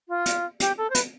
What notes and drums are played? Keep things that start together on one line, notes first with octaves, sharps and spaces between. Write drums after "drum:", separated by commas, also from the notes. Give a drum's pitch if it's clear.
F4
drum: hi-hat
G4, drum: hi-hat
A4
C5
B4, drum: hi-hat